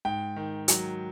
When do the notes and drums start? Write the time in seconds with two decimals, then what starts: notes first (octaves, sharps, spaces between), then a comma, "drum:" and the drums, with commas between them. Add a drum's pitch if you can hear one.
0.05 G#2 G5
0.36 D#3
0.68 F#3, drum: hi-hat